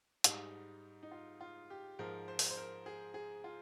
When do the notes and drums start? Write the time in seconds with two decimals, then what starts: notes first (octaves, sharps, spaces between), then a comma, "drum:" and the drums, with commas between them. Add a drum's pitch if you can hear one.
0.24 G#2 G3 D#4, drum: hi-hat
1.03 D#4
1.11 F4
1.41 F4
1.70 G4
1.99 G#2 F3 G#3 A#4
2.28 C5
2.39 drum: open hi-hat
2.51 C5
2.57 A#4
2.86 G#4
3.14 G#4
3.44 F4